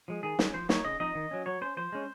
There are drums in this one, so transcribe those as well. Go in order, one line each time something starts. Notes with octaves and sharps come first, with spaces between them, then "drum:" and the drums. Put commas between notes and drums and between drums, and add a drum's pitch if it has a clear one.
F3 G#3
D#3 G#4
G#3 C#4, drum: snare
F3 C5
A#3 D#4 C#5, drum: snare
C#3 D#5
F3 C4 D#4 D#5
D#3
F#3 C#4
F#3 C#5
C#4 C5
F3 C5
G#3 C#4